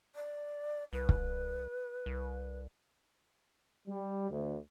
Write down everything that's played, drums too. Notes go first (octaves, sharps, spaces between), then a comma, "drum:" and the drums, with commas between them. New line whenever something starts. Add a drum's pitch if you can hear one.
D5
C2 B4
drum: kick
C2
G3
D2